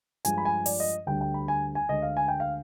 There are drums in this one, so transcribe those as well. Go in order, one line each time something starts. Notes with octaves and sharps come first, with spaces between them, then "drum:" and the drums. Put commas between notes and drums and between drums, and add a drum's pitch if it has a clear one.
G2 F3 G#3 G#5, drum: hi-hat
B5
G#5
D5, drum: open hi-hat
D#5
D2 D3 G3 G5
G5
B5
G#5
G#5
D2 D3 G#3 D#5
F5
G#5
G5
F5